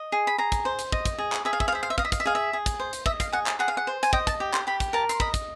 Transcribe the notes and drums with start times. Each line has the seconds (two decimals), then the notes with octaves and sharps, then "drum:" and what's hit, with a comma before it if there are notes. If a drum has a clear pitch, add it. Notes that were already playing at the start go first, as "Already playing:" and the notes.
Already playing: D#5
0.12 G#4
0.27 B5
0.38 G#4 A#5
0.52 drum: kick, hi-hat
0.65 C5
0.79 drum: hi-hat
0.92 D#5, drum: kick
1.05 drum: kick, hi-hat
1.18 G#4
1.32 drum: clap
1.45 G#4 E5
1.53 F5
1.60 E5, drum: kick
1.68 F5
1.72 C5 E5
1.83 F5
1.90 E5
1.98 D#5 F5, drum: kick
2.05 E5
2.12 F5, drum: kick, hi-hat
2.20 E5
2.26 G#4 F5
2.35 E5
2.53 G#4
2.66 drum: kick, hi-hat
2.80 C5
2.93 drum: hi-hat
3.06 D#5 E5, drum: kick
3.20 F5, drum: kick, hi-hat
3.32 G#4 F#5
3.46 drum: clap
3.59 G#4 F#5
3.68 F5
3.77 F#5
3.87 C5
4.03 G#5, drum: hi-hat
4.13 D#5 G5, drum: kick
4.27 A5, drum: kick, hi-hat
4.40 G4
4.54 C6, drum: clap
4.67 G4 B5
4.80 drum: kick, hi-hat
4.93 A#4 A5
5.09 C6, drum: hi-hat
5.20 D#5 B5, drum: kick
5.34 drum: kick, hi-hat